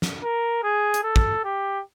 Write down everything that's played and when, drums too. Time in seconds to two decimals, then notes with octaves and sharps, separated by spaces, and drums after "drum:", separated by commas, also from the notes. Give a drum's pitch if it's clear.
0.02 drum: snare
0.23 A#4
0.63 G#4
0.94 drum: hi-hat
1.03 A4
1.16 drum: kick
1.44 G4